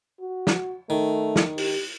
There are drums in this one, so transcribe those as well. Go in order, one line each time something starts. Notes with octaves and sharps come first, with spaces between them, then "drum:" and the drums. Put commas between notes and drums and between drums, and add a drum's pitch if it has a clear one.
F#4
drum: snare
D#3 A3
drum: snare
G4, drum: open hi-hat